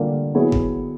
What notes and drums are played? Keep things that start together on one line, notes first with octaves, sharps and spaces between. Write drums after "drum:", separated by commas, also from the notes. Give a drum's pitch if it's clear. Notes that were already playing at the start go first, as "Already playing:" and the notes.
Already playing: D3 G3 A#3 D4 F4
F#3 B3 E4 G#4 C#5
drum: kick G1